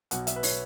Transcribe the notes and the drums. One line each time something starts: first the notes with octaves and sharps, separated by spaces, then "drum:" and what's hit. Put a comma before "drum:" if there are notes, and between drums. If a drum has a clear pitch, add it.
B1 B2 F#5, drum: hi-hat
E5, drum: hi-hat
B4
C#5, drum: open hi-hat